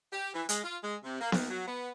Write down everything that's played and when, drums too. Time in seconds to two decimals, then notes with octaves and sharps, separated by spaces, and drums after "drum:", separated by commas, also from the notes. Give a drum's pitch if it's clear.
0.12 G4
0.34 E3
0.49 G#3, drum: hi-hat
0.64 F4
0.84 G#3
1.04 C3
1.21 A#3
1.32 D#2, drum: snare B3
1.51 F#3
1.67 B3